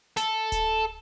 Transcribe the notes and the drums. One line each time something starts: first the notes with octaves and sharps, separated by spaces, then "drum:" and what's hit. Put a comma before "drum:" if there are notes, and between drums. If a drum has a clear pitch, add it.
A4, drum: snare
drum: kick D1, hi-hat